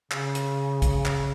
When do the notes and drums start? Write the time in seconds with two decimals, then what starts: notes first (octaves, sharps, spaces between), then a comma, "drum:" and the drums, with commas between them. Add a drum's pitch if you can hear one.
0.11 C#3, drum: clap
0.35 drum: hi-hat
0.82 drum: kick, hi-hat
1.06 drum: clap